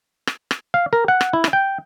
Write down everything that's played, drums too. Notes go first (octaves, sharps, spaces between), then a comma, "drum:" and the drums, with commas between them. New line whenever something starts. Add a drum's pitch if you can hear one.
drum: rim click
drum: rim click
F5
A#4
F#5
drum: rim click
E4
drum: rim click
G5